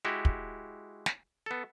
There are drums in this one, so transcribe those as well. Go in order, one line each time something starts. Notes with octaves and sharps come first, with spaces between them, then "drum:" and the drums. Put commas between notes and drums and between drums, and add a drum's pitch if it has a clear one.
G#3 E4 F#4 G4
drum: kick
drum: snare
B3 A4